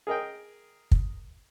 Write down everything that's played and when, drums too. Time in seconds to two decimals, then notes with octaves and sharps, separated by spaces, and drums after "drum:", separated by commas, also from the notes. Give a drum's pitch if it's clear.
0.07 G#4 A#4 D#5 G5
0.91 drum: kick